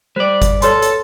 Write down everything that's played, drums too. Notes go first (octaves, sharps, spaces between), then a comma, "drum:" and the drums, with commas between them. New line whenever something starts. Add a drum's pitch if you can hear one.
G3 C5 D5
drum: kick G1, hi-hat
A4 B4 C#5 C6, drum: hi-hat
drum: hi-hat